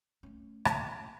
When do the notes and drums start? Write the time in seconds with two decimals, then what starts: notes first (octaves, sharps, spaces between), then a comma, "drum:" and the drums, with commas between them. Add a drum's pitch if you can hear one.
0.23 A3 C#4
0.65 drum: rim click